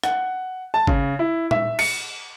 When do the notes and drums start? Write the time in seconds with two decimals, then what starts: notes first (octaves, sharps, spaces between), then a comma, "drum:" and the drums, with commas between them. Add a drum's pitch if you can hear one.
0.04 F#5, drum: rim click
0.74 A5
0.87 C#3, drum: kick
1.19 E4
1.51 E5, drum: tom A#2
1.79 C#7, drum: cymbal